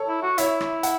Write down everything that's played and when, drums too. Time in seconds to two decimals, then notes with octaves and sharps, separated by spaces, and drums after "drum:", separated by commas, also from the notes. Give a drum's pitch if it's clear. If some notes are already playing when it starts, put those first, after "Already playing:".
Already playing: A4 C#5
0.08 E4
0.22 F#4
0.38 E4 C#5 E5, drum: hi-hat
0.61 drum: rim click
0.83 F#5, drum: hi-hat